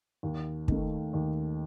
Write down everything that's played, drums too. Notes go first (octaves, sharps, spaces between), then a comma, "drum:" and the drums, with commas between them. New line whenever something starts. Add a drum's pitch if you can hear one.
D#2
D#3 A3, drum: kick
D#2